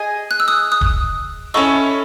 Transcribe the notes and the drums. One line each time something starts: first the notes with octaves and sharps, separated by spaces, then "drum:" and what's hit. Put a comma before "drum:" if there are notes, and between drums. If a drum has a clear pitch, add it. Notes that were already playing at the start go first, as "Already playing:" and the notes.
Already playing: G#4 D#5 G#5
F#6
E6
D#6 F#6
D#6 F#6
drum: kick D#1
C#4 E4 A4 D#5 C#6 E6